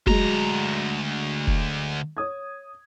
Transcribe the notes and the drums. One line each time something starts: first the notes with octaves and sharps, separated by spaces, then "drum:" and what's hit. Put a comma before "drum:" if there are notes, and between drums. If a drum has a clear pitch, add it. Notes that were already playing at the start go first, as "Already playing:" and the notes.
D2 F#3 G#3 A#5, drum: kick
drum: kick
C#5 D#6 G#6